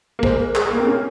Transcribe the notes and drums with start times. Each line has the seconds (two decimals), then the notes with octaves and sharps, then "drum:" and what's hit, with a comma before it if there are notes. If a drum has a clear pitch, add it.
0.19 A#3
0.23 G#3 C5, drum: kick
0.40 A#4
0.55 G#4, drum: clap
0.70 A#3 A#4
0.80 C4
0.87 C#4